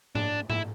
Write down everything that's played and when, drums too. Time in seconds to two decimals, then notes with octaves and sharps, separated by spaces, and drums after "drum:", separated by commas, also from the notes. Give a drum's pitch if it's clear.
0.15 D4, drum: tom G#2
0.50 E4, drum: tom G#2